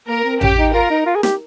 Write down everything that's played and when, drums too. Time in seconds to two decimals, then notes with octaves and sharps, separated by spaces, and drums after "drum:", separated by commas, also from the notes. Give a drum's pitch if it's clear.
0.08 A#3 A#4
0.24 C4
0.41 C#4 G4, drum: tom A1
0.58 D#4
0.74 F4 A#4
0.90 D#4
1.06 F4
1.16 G#4
1.23 G4, drum: snare